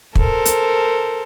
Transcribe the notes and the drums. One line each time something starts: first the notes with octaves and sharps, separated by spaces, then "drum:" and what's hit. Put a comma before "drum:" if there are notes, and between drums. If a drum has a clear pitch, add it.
A4 A#4 C5, drum: kick
drum: hi-hat